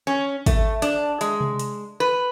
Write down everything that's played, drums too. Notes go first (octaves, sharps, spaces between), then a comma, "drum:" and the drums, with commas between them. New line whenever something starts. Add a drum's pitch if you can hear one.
C#4
A3, drum: kick, hi-hat
D4, drum: hi-hat
G#3, drum: hi-hat
drum: tom C3
drum: hi-hat
B4